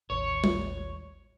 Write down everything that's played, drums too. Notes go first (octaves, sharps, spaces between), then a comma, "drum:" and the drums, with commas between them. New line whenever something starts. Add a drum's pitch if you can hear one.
A1 D#2 D#3 C#5
drum: tom